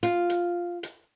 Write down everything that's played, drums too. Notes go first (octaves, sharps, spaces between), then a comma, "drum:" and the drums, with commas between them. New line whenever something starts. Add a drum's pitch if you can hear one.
F4, drum: hi-hat
drum: hi-hat
drum: hi-hat